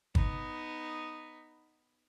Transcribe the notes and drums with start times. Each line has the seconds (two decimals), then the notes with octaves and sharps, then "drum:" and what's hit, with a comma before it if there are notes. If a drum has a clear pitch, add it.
0.15 B3 D#4, drum: kick